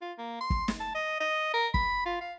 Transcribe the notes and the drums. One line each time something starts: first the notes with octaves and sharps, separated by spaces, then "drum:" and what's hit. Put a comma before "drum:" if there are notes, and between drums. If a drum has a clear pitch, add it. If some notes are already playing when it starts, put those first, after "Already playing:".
F4
A#3
C6
drum: kick
drum: snare
A5
D#5
D#5
A#4
B5, drum: kick
F4
F5